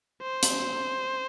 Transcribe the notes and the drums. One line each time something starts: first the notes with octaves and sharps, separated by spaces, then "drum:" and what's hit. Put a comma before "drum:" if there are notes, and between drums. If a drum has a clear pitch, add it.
C5
drum: hi-hat